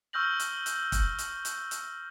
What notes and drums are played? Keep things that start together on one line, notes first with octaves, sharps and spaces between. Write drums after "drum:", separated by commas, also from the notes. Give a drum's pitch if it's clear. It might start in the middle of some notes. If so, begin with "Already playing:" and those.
C#6 E6 F6 G6 A#6 F#7
drum: hi-hat
drum: hi-hat
drum: kick, hi-hat
drum: hi-hat
drum: hi-hat
drum: hi-hat